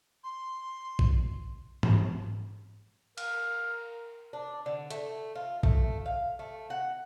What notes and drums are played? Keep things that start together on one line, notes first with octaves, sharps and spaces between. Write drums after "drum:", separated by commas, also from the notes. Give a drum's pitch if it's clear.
C6
drum: kick A#1
drum: tom G#2
A#4 F5, drum: cymbal
D4
D3
A3, drum: hi-hat
F4
A3, drum: kick A#1
F5
A3
F#5